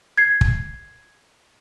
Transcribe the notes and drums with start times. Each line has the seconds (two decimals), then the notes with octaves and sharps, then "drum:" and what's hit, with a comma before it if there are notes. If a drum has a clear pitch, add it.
0.18 G#6 C7
0.41 drum: kick